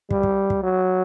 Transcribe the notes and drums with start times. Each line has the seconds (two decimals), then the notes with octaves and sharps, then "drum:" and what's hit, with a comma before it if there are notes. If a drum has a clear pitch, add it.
0.11 G3, drum: kick
0.23 drum: kick
0.50 drum: kick
0.63 F#3